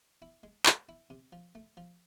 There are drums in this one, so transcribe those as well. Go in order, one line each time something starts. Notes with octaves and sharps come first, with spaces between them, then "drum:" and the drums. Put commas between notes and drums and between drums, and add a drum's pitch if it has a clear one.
E4
G#3
G#3, drum: clap
E4
C3
F3
A3
F3